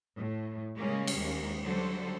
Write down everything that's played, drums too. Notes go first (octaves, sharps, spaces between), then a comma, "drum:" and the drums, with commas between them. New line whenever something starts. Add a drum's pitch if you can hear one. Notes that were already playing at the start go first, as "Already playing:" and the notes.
A2
C#3 G3 G#3 A#3 C#4 G#4
drum: cymbal
D#2 G#3 A#3
D3 F#3 G3 A4 C5